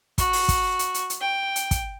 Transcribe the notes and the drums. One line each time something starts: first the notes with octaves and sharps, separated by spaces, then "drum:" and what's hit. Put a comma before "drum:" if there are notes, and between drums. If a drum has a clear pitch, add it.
F#4, drum: kick, hi-hat
drum: open hi-hat
drum: kick, hi-hat
drum: hi-hat
drum: hi-hat
drum: hi-hat
G5
drum: hi-hat
drum: kick, hi-hat